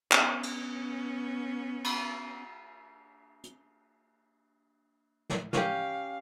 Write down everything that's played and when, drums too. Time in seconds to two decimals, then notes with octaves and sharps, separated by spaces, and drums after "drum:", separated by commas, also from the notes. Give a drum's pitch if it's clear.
0.12 B3 C#4, drum: clap
0.43 drum: cymbal
1.84 drum: cymbal
3.44 drum: hi-hat
5.30 drum: snare
5.53 C#4 G4 F5, drum: snare